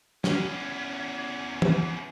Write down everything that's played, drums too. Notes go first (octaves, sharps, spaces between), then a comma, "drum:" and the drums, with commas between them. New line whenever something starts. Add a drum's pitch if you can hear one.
E2 C#4, drum: snare
drum: tom